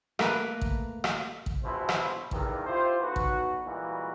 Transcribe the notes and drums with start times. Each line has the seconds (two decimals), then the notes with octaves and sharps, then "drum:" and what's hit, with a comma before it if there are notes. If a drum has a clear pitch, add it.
0.19 A3 A#3 B4, drum: rim click
0.61 drum: kick A1
1.04 drum: rim click
1.46 drum: kick A1
1.63 A#1 B2 E4 C5
1.89 drum: rim click
2.31 E2 G2 D#3, drum: kick A1
2.66 E4 F4 G4 C5
3.01 B1 F#4 B4
3.16 drum: kick A1
3.66 A#2 E3 G3 G#3 A#3 F#4